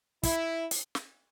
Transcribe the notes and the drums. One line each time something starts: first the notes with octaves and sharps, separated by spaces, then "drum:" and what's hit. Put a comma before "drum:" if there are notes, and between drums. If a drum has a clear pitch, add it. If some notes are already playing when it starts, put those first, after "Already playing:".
E4, drum: kick, hi-hat
drum: hi-hat
drum: snare